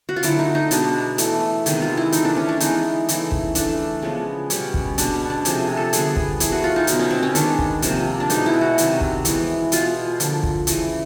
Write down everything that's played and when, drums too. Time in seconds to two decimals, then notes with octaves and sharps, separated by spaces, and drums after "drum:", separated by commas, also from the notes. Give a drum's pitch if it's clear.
0.09 F#4
0.16 F4
0.23 D3 F#3 A3 E4, drum: hi-hat
0.39 D#4
0.55 D#4
0.71 B2 G#3 B3 D4, drum: hi-hat
1.18 E3 A3, drum: hi-hat
1.66 C3 D#3 G#3 B3, drum: hi-hat
1.82 F4
1.97 E4
2.12 E3 A3 D#4, drum: hi-hat
2.25 D4
2.37 C#4
2.49 D4
2.60 E3 G#3 B3 D#4, drum: hi-hat
3.09 C#3 E3 A3, drum: hi-hat
3.32 drum: kick
3.55 E3 A3 D4, drum: hi-hat
4.02 C#3 F3 G#3 B3
4.50 B2 G3 B3 C#4, drum: hi-hat
4.74 drum: kick
4.98 B2 G#3 B3 D4, drum: hi-hat
5.14 C#4
5.30 D4
5.45 C3 F3 A3 G#4, drum: hi-hat
5.77 A4
5.93 D3 G3 B3 G#4, drum: hi-hat
6.16 drum: kick
6.40 E3 A3 G#4, drum: hi-hat
6.52 F#4
6.64 F4
6.76 D#4
6.87 B2 F#3 B3, drum: hi-hat
6.99 C#4
7.11 C4
7.23 C#4
7.35 D#3 G#3 B3 D4, drum: hi-hat
7.59 drum: kick
7.82 C3 F3 A#3, drum: hi-hat
8.20 D4
8.30 B2 G#3 B3 D#4, drum: hi-hat
8.46 E4
8.61 F#4
8.78 C3 D#3 F#3, drum: hi-hat
9.01 drum: kick
9.25 E3 G#3 B3, drum: hi-hat
9.72 B2 G#3 B3 F4, drum: hi-hat
10.20 D3 F3 A#3, drum: hi-hat
10.43 drum: kick
10.67 C#3 E3 G#3, drum: hi-hat